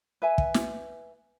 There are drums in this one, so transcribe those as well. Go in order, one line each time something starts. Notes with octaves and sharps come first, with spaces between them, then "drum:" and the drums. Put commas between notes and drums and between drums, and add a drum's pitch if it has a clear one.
B4 E5 G#5
drum: kick
drum: snare